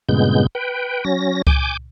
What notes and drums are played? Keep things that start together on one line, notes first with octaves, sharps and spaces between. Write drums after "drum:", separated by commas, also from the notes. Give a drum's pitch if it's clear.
G2 A#2 C#3 G#3 B3 G6
B4 G5
F#3 C#4 A#6
G#5 D6 G6, drum: kick C#2